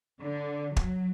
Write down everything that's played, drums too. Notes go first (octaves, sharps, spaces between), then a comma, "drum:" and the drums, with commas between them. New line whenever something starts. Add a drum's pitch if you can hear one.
D3
F#3, drum: kick